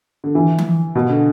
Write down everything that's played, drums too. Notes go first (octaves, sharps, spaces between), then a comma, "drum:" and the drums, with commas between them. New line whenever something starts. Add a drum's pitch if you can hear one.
D3
E3
drum: tom E3
B2
D3